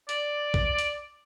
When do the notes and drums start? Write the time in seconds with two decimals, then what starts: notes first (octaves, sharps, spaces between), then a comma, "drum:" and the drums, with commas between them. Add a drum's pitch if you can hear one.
0.09 D5, drum: hi-hat
0.54 drum: kick
0.79 drum: hi-hat